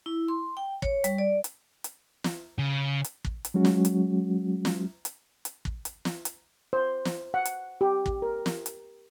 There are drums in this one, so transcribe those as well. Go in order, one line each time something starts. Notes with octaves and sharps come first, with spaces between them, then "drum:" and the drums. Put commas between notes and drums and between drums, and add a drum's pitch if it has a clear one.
E4
C6
G5
C#5, drum: kick
G3, drum: hi-hat
D5
drum: hi-hat
drum: hi-hat
drum: snare
C#3
drum: hi-hat
drum: kick
drum: hi-hat
F#3 G#3 C#4 F#4
drum: snare
drum: hi-hat
drum: snare
drum: hi-hat
drum: hi-hat
drum: kick
drum: hi-hat
drum: snare
drum: hi-hat
C5
drum: snare
F#5
drum: hi-hat
G4
drum: kick
A#4
drum: snare
drum: hi-hat